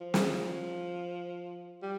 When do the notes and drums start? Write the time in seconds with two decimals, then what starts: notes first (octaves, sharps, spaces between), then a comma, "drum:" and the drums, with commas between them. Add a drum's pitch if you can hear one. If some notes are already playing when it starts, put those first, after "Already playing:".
0.01 F3
0.14 drum: snare
1.82 G3